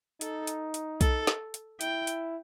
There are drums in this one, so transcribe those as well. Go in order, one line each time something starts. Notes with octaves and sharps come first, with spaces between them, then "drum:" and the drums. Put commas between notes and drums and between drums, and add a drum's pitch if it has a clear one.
D#4 A4, drum: hi-hat
drum: hi-hat
drum: hi-hat
A4, drum: kick B1, hi-hat
drum: snare
drum: hi-hat
E4 G5, drum: hi-hat
drum: hi-hat